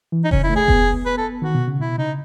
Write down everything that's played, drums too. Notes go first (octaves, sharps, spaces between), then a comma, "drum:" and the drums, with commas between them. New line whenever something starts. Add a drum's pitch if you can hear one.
E3
D#4
C#3 C#4, drum: kick F1
E4
A3
G#4
B3, drum: kick F1
B4
A4
D#3 F#4
B2
C#3
B2 E4
C#3 D#4